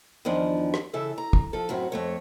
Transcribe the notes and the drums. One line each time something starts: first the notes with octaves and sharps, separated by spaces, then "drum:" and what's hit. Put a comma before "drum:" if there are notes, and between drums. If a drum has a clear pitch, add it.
E2 D#3 F3 D4
drum: rim click
C#3 E3 A4 E5
A#5
drum: kick
F3 A4
F#2 A2 C4 F#4
F2 A3 C#5